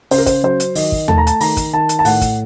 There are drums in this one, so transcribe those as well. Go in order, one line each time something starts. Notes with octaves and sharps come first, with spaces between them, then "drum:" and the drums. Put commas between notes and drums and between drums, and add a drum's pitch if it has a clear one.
C#3 C5, drum: open hi-hat
A#4
C5, drum: kick, hi-hat
F#3 C5
drum: hi-hat
D#3 D#5, drum: open hi-hat
drum: kick
A3 A5, drum: tom D#2
A#5
A5, drum: hi-hat
D#3 A#5, drum: open hi-hat
drum: kick, hi-hat
D#3 A5
drum: hi-hat
A5
A2 F#5, drum: open hi-hat
drum: kick, hi-hat